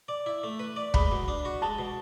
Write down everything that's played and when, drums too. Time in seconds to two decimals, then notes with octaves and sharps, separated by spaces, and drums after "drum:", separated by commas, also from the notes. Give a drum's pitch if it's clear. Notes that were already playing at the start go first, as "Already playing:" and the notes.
0.08 D5
0.26 E4
0.43 A3
0.59 B4
0.76 D5
0.94 G#3 B5, drum: kick
1.11 B2
1.28 D4
1.45 F#4
1.62 G#3 A5
1.79 B2